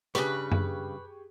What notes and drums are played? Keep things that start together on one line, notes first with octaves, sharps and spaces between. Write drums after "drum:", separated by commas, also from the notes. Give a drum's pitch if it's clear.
G2 C#3 G4 G#4 B4 C#6, drum: hi-hat
drum: tom F#2